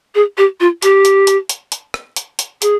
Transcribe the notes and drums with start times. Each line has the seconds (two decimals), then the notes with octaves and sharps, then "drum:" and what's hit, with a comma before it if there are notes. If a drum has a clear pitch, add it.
0.15 G#4
0.37 G4
0.60 F4
0.82 G4, drum: hi-hat
1.05 drum: hi-hat
1.27 drum: hi-hat
1.49 drum: hi-hat
1.72 drum: hi-hat
1.94 drum: rim click
2.16 drum: hi-hat
2.39 drum: hi-hat
2.62 G#4, drum: hi-hat